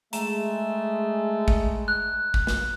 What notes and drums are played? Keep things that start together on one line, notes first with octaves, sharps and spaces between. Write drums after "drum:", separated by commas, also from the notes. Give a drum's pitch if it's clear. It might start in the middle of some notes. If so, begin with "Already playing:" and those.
G#3 A3 A#5 E7, drum: hi-hat
drum: kick G#1
F#6
drum: kick G#1
drum: snare